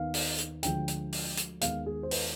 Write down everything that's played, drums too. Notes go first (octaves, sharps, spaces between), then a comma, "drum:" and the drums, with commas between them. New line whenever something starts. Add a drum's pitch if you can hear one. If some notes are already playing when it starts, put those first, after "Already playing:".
Already playing: D#2 D#3 B3 F5
drum: open hi-hat
drum: hi-hat
D2 D3 F3 G#3 G5, drum: hi-hat
drum: hi-hat
drum: open hi-hat
drum: hi-hat
D#2 D#3 G#3 B3 F5, drum: hi-hat
G#4
C5
B4, drum: open hi-hat